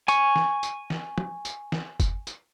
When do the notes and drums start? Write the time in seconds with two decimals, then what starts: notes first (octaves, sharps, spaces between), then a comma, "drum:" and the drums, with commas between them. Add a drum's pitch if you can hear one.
0.08 G#5 C#6, drum: tambourine
0.36 drum: snare
0.63 drum: tambourine
0.90 drum: snare
1.18 drum: tom
1.45 drum: tambourine
1.72 drum: snare
2.00 drum: kick, tambourine
2.27 drum: tambourine